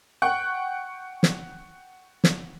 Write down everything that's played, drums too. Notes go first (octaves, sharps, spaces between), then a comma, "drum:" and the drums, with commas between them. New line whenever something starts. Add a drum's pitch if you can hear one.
F#5 G5 C#6 F#6
drum: snare
drum: snare